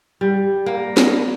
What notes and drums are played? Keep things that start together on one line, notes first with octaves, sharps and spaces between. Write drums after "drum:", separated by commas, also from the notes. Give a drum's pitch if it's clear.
G3
A#3
drum: snare